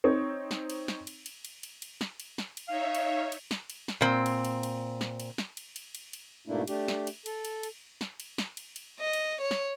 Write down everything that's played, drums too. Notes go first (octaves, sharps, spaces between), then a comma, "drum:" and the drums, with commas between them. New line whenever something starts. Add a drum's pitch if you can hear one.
C4 D#4 C#5
drum: snare
drum: cymbal
drum: snare
drum: cymbal
drum: cymbal
drum: cymbal
drum: cymbal
drum: cymbal
drum: snare
drum: cymbal
drum: snare
drum: cymbal
D#4 C#5 E5 F5
drum: cymbal
drum: cymbal
drum: snare
drum: cymbal
drum: snare
A#2 C4
drum: cymbal
drum: cymbal
drum: cymbal
drum: snare
drum: cymbal
drum: snare
drum: cymbal
drum: cymbal
drum: cymbal
drum: cymbal
G#2 B2 A3 A#3 D4 E4
A3 D4 G4, drum: cymbal
drum: snare
drum: cymbal
A4, drum: cymbal
drum: cymbal
drum: cymbal
drum: snare
drum: cymbal
drum: snare
drum: cymbal
drum: cymbal
D#5
drum: cymbal
C#5
drum: snare